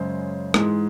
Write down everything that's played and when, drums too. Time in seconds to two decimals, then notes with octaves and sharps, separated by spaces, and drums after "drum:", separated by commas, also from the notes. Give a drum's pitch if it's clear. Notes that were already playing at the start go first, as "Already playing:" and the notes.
Already playing: F#2 C#3 G#3 C5
0.54 G#2 E3 G#3, drum: rim click